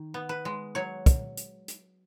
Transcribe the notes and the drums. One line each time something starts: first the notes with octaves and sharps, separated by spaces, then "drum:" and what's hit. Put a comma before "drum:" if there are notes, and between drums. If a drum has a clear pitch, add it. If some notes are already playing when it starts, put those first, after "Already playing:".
Already playing: D#3
B3
B4
G#3
F#3 C#5
drum: kick, hi-hat
drum: hi-hat
drum: hi-hat